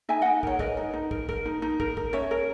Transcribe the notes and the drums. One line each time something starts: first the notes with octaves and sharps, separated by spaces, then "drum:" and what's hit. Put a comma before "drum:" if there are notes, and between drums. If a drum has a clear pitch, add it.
D#4 E5 G#5
D#4 D#5 F#5
A#4 C#5, drum: kick
A#4 B4 D#5, drum: kick
D#4
D#4
A#4, drum: kick
A#4, drum: kick
D#4
D#4
A#4, drum: kick
A#4, drum: kick
C#4 C#5 E5
A#4